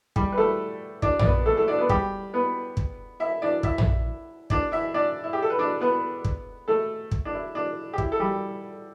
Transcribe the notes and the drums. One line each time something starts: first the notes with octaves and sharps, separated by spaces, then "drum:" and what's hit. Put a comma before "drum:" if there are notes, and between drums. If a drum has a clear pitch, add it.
G3 G4, drum: kick
B4
A3 A4
D4 D5, drum: kick
D5, drum: tom A#1
B3 B4
A3 A4
A3 A4
D4 D5
B3 B4
G3 G4, drum: kick
B3 B4
drum: kick
E4 E5
D4 D5
E4 E5, drum: kick
drum: tom A#1
D4 D5, drum: kick
E4 E5
D4 D5
E4
G4
A4
B4
D4 D5
B3 B4
drum: kick
A3 A4
drum: kick
D4
E4
D4
G4
E4, drum: kick
A4
G3 G4